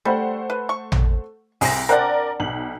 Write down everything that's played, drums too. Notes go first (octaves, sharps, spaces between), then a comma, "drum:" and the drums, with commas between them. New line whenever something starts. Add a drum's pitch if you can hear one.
G3 A3 C5 F#5
B4
C#6
drum: tom
C2 G#4 C5 A#6, drum: open hi-hat
C4 D4 A#4 D5 F#5
B1 F#7